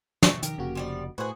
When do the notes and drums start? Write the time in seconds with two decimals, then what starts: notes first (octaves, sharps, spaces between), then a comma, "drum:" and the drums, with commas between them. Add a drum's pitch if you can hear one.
0.23 A3 F#4, drum: snare
0.43 D#3 G4 A#4, drum: hi-hat
0.58 F1 C#3 A#3 F#4
0.75 F3 G3 D5
1.18 A2 F#4 G#4 B4 C5 F#6